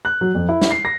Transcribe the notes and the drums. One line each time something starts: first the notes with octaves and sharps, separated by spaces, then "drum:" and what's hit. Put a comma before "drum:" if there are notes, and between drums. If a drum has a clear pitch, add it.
F#6
F#3
F2
E4
drum: snare
C7
A#6